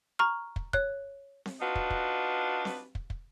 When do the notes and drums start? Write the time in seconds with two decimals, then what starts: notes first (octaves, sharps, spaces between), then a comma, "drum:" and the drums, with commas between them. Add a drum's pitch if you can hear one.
0.19 A#5 C#6 F6
0.56 drum: kick
0.73 C#5 F#6, drum: kick
1.46 drum: snare C4
1.60 D4 D#4 F4 F#4 B4
1.75 drum: kick
1.90 drum: kick
2.65 drum: snare C4
2.95 drum: kick
3.10 drum: kick